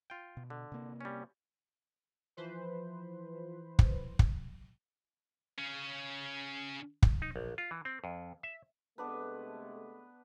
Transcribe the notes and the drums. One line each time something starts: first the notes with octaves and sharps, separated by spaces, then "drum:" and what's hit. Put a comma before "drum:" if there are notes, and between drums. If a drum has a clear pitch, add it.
F4 G5
B2
D3
C3 A#3
G3 C#4
E3 F3 B4 C5
drum: kick
drum: kick
C#3 C#4
drum: kick
D#4
A#1
F4
E3
C4
F2
E5
C3 G#3 A3 B3 D4 B4